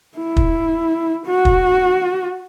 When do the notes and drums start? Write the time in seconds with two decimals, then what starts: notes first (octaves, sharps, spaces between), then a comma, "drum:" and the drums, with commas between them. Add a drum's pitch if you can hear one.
0.18 E4
0.37 drum: kick
1.26 F#4
1.45 drum: kick